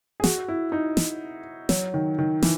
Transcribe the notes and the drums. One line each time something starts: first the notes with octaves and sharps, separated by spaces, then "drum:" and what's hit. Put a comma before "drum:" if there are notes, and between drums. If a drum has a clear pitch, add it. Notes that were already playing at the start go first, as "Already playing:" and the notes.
G#4
F#4, drum: snare
E4
D#4
drum: snare
F#3, drum: snare
D#3
D#3
E3, drum: snare